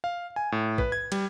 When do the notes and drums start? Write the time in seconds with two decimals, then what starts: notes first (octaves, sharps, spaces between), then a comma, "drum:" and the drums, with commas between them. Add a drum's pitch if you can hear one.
0.04 F5
0.36 G#5
0.52 A2
0.78 B4, drum: kick A1
0.92 G#6
1.12 G3, drum: cymbal